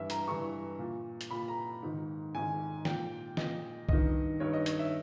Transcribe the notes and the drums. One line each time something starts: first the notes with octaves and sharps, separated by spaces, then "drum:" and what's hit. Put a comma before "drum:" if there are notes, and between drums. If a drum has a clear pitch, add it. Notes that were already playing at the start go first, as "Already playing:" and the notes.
Already playing: G2 E3 E5
A#5, drum: hi-hat
G2 E3 C#6
A#2
drum: hi-hat
A#2 B5
A#5
G#2 D#3
G#2 D#3 G#5
A#2 G5, drum: snare
A#2 D#5, drum: snare
G2 D#3 D#5, drum: kick B1
G2 D#3 C#5
D#5
C#5, drum: hi-hat
E5